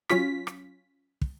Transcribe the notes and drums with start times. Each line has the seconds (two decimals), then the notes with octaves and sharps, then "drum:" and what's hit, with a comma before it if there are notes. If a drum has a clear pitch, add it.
0.09 F#3 C#4 F4 B6, drum: rim click
0.47 drum: rim click
1.21 drum: kick